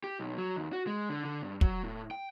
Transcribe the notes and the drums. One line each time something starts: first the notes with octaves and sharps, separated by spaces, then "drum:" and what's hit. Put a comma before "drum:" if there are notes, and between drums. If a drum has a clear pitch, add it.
G4
B1
F#3
D#2
F#4
G#3
D3
D3
G2
F#3, drum: kick
A2
G5